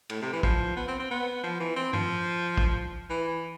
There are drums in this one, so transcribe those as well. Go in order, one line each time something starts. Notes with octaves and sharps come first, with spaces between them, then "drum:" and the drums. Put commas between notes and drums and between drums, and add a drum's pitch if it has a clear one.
A2, drum: cymbal
C3
E3
F3, drum: kick
B3
C4
C4
B3
F3
E3
C4
F3, drum: tom G2
drum: kick
E3